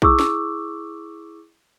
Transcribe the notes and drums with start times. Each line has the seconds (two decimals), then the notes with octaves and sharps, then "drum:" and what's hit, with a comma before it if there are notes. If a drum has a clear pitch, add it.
0.02 E4 G#4 C#6 D6 E6, drum: kick B1
0.19 drum: snare